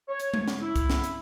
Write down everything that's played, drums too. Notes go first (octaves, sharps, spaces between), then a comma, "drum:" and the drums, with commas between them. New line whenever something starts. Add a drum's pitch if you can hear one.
C#5
drum: hi-hat
drum: tom G#3
drum: snare
E4
drum: kick C2, hi-hat
drum: snare
drum: hi-hat